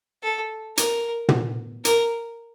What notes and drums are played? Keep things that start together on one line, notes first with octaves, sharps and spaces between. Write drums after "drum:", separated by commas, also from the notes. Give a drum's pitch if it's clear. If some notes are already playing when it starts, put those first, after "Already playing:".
A4
A#4, drum: hi-hat
drum: tom
A#4, drum: hi-hat